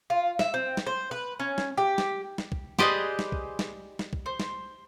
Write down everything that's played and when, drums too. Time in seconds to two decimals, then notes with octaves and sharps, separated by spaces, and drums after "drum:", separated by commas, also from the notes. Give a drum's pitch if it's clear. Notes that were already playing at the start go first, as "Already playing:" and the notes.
0.10 F4
0.39 E5, drum: snare
0.54 C4
0.77 drum: snare
0.87 C5
1.11 B4
1.40 C#4
1.58 drum: snare
1.78 G4
1.98 drum: snare
2.38 drum: snare
2.52 drum: kick
2.79 G4 G#4 B4 C5 D5 D#5, drum: snare
3.19 drum: snare
3.32 drum: kick
3.59 drum: snare
3.99 drum: snare
4.13 drum: kick
4.26 C5
4.40 drum: snare